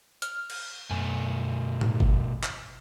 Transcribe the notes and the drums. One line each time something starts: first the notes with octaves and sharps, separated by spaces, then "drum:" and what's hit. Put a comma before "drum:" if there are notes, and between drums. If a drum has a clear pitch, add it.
F6, drum: hi-hat
drum: cymbal
F#2 B2 A3 G#5
drum: tom A2
drum: kick
drum: clap